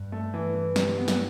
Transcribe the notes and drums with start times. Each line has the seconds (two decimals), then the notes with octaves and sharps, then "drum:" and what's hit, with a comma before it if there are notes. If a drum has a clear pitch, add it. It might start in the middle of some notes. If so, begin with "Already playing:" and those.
Already playing: G2
0.12 A3
0.34 E3
0.55 E3
0.76 C3, drum: snare
0.98 B3
1.08 drum: snare